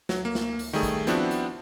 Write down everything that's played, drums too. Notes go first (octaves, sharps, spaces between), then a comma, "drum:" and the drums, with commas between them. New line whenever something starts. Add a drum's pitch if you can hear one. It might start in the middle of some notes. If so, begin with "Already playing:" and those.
F#3, drum: snare
A#3
drum: snare
drum: open hi-hat
D#3 G3 A3 G#4
drum: kick, hi-hat
F3 B3 C4 D4 E4 F#4, drum: hi-hat
drum: hi-hat